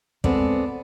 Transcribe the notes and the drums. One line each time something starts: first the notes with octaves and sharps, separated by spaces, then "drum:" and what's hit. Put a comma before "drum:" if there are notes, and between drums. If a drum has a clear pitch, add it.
G#3 B3 C4 A4 D5, drum: kick